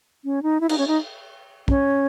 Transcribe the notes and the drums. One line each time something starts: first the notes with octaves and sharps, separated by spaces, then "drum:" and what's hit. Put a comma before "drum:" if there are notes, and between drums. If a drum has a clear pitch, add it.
C#4
D#4
E4
D#4, drum: cymbal
C#4
D#4
C#4, drum: kick